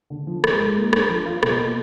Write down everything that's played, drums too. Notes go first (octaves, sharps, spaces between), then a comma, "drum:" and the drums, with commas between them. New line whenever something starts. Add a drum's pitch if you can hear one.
D3
F3
G#3, drum: rim click
G#2
A#3
D4, drum: rim click
F3
F4
B2, drum: rim click
A#3